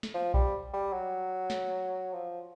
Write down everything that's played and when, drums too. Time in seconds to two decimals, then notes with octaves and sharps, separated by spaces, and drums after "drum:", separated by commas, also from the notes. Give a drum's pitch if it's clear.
0.03 drum: snare
0.14 F3
0.34 G3, drum: kick A#1
0.74 G3
0.93 F#3
1.50 drum: snare
2.13 F3